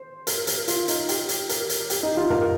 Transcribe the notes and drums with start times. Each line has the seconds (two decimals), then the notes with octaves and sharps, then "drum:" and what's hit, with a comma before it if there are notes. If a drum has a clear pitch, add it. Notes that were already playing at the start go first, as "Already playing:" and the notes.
Already playing: C5
0.27 A#4, drum: hi-hat
0.47 A#4, drum: hi-hat
0.68 F4, drum: hi-hat
0.88 D#4, drum: hi-hat
1.09 G4, drum: hi-hat
1.29 drum: hi-hat
1.49 A#4, drum: hi-hat
1.69 drum: hi-hat
1.90 G4, drum: hi-hat
2.03 D#4
2.17 F4
2.30 A#4, drum: tom